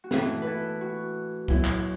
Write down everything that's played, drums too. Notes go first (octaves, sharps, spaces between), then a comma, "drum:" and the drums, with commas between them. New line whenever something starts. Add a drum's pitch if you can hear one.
F#4
A2 E3 B3 E4 A4, drum: snare
E4 A4 B4
F#4
F#2 F#3 B3 E4, drum: kick C2
drum: clap